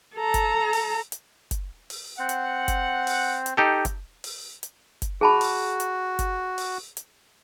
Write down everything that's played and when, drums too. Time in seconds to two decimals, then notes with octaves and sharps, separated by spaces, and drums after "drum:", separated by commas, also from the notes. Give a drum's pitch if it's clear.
0.16 A4 A#5
0.34 drum: kick F#1, hi-hat
0.73 drum: open hi-hat
1.12 drum: hi-hat
1.51 drum: kick F#1, hi-hat
1.90 drum: open hi-hat
2.19 C4 F#5
2.29 drum: hi-hat
2.68 drum: kick F#1, hi-hat
3.07 drum: open hi-hat
3.46 drum: hi-hat
3.57 D#4 G4 A4
3.85 drum: kick F#1, hi-hat
4.24 drum: open hi-hat
4.63 drum: hi-hat
5.02 drum: kick F#1, hi-hat
5.21 F#4 G#4 A5 B5
5.41 drum: open hi-hat
5.80 drum: hi-hat
6.19 drum: kick F#1, hi-hat
6.58 drum: open hi-hat
6.97 drum: hi-hat